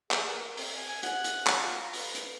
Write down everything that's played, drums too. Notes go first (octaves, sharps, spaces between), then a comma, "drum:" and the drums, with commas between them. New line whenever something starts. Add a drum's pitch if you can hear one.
G#4, drum: clap
A#4
C4, drum: open hi-hat
G#5
G#5
F#5, drum: hi-hat
drum: hi-hat
drum: clap
F4
A#5
B4, drum: open hi-hat
drum: hi-hat